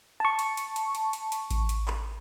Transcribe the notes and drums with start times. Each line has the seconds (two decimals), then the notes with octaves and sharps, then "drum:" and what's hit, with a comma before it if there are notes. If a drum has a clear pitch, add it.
0.20 A5 C#6
0.39 drum: hi-hat
0.57 drum: hi-hat
0.76 drum: hi-hat
0.95 drum: hi-hat
1.13 drum: hi-hat
1.32 drum: hi-hat
1.51 drum: kick A1, hi-hat
1.69 drum: hi-hat
1.88 drum: clap